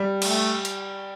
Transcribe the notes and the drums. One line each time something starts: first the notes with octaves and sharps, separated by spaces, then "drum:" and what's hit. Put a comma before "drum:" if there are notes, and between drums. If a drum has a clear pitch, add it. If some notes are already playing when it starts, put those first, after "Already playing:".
Already playing: G3
A3, drum: cymbal
drum: hi-hat